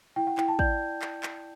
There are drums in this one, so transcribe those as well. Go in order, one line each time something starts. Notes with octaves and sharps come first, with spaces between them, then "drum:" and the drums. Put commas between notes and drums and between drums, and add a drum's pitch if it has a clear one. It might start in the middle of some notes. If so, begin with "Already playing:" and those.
E4 G5
F#5
E4 G5, drum: clap
A5
D5 G6, drum: kick
drum: clap
drum: clap